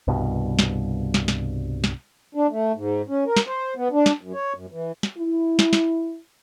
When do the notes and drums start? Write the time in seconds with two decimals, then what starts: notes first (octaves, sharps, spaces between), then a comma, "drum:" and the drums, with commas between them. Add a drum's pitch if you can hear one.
0.08 C2 G2 B2
0.59 drum: snare
1.14 drum: snare
1.28 drum: snare
1.84 drum: snare
2.35 D4
2.50 A3
2.75 G#2
3.09 C#4
3.26 A#4
3.37 drum: snare
3.47 C5
3.76 B3
3.92 D4
4.06 drum: snare
4.21 F#2
4.34 C#5
4.54 F#2
4.72 E3
5.03 drum: snare
5.18 E4
5.59 drum: snare
5.73 drum: snare